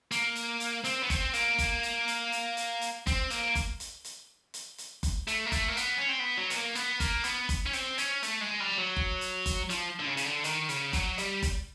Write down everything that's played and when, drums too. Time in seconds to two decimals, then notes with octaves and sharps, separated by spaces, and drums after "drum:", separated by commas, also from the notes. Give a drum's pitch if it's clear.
0.12 A#3, drum: hi-hat
0.36 drum: hi-hat
0.60 drum: hi-hat
0.85 C4, drum: hi-hat
1.03 B3
1.10 C4, drum: kick F#1, hi-hat
1.34 A#3, drum: hi-hat
1.59 drum: kick F#1, hi-hat
1.83 drum: hi-hat
2.08 drum: hi-hat
2.32 drum: hi-hat
2.57 drum: hi-hat
2.82 drum: hi-hat
3.07 C4, drum: kick F#1, hi-hat
3.30 A#3, drum: hi-hat
3.55 drum: kick F#1, hi-hat
3.80 drum: hi-hat
4.05 drum: hi-hat
4.54 drum: hi-hat
4.78 drum: hi-hat
5.03 drum: kick F#1, hi-hat
5.28 A3, drum: hi-hat
5.46 A#3
5.52 A3, drum: kick F#1, hi-hat
5.68 A#3
5.77 B3, drum: hi-hat
5.98 C#4
6.09 C4
6.20 B3
6.38 F#3
6.50 B3, drum: hi-hat
6.56 A#3
6.75 B3, drum: hi-hat
7.00 A#3, drum: kick F#1, hi-hat
7.24 B3, drum: hi-hat
7.49 drum: kick F#1, hi-hat
7.66 C#4
7.73 C4, drum: hi-hat
7.98 C#4, drum: hi-hat
8.23 A3, drum: hi-hat
8.41 G#3
8.60 G3
8.78 F#3
8.97 drum: kick F#1
9.21 drum: hi-hat
9.46 drum: kick F#1, hi-hat
9.70 F3, drum: hi-hat
10.00 D3
10.07 C#3
10.17 C#3, drum: hi-hat
10.25 D3
10.44 D#3, drum: hi-hat
10.69 C#3, drum: hi-hat
10.93 F#3, drum: kick F#1, hi-hat
11.18 G3, drum: hi-hat
11.43 drum: kick F#1, hi-hat